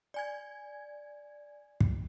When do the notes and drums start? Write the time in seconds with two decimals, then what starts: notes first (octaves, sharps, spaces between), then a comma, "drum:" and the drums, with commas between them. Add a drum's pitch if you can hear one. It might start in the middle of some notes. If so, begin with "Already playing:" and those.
0.14 D5 G#5 G#6
1.80 drum: kick